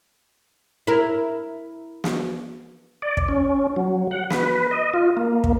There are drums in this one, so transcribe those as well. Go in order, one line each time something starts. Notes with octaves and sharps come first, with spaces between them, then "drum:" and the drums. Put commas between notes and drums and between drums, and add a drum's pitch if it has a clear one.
E4 A#4
drum: snare
D5
drum: kick
C#4
F#3
F#5
B4, drum: snare
D#5
F4
A#3
drum: kick